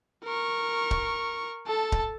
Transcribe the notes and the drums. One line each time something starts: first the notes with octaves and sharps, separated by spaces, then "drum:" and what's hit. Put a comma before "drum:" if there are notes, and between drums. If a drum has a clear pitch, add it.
A#4 C#6
drum: kick D1
A4 A5
drum: kick D1